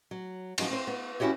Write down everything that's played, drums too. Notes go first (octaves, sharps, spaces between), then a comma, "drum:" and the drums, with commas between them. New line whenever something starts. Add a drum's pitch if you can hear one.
F#3
F3 F#3 C#4 D#4 F4, drum: cymbal
C4 C5
B3
C#4 E4 F#4 G4 C#5